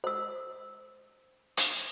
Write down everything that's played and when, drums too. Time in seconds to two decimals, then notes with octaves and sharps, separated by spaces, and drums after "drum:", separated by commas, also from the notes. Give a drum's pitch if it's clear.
0.04 C5 E6
1.57 drum: hi-hat